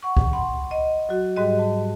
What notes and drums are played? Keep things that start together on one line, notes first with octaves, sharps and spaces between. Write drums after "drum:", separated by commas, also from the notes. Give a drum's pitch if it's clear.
F#5 C#6
drum: kick C#2
F#5 B5 C6
D#5
F#3 F#4
G#2 G3 G4 D#5 F#6
A5